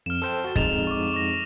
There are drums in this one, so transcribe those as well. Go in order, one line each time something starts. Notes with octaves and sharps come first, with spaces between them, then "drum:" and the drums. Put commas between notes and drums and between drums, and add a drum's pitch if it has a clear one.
F2 F6 E7
A4 C5 G5
F#4 A5
F2 G#3 D#4 A6 E7 F7, drum: kick
C#6 D6
C#6 A#6